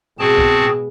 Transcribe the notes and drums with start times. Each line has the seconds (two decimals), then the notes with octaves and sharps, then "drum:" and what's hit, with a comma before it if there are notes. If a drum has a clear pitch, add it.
0.19 B2 G#3 C4 F#4 G#4 A5
0.38 drum: kick C2